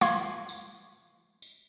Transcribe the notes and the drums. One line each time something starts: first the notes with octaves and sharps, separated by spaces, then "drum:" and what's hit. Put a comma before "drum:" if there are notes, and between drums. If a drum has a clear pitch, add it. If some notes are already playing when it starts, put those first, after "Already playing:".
F5 C6 C#6 G#6, drum: snare
drum: tambourine
drum: tambourine